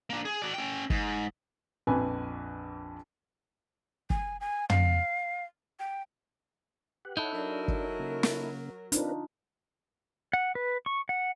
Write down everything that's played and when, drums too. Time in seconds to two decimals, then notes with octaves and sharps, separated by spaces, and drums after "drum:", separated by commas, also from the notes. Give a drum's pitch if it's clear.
0.10 A#3 D4
0.25 G#4
0.42 F#4 D5
0.54 C#4 G5
0.90 G#2, drum: kick
1.87 A#1 F2 B4 G#5
4.10 G#5, drum: kick
4.41 G#5
4.69 F5, drum: tom
5.79 G5
7.05 G4 B4 F#5
7.17 D#4 E4 A4 C#5 F#5
7.33 F#3 D4 A#4
7.68 drum: kick
7.99 C#3 A#3
8.23 drum: snare
8.92 C4 D4 D#4 F4 A#4 B4, drum: hi-hat
10.33 F#5
10.55 B4
10.86 C#6
11.09 F#5